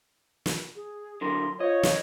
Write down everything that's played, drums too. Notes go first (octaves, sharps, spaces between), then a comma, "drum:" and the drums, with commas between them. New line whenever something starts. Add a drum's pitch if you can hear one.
drum: snare
G#4
D3 F#3 A#4 C6
F4 C5 C#5 D#5
drum: snare